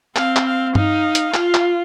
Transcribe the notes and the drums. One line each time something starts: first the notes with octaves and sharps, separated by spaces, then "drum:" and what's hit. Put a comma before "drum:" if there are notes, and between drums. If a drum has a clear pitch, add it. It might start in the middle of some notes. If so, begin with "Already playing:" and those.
C4 F5, drum: clap
drum: clap
F5
D#4 F5, drum: tom G2
drum: hi-hat
F4, drum: clap
drum: clap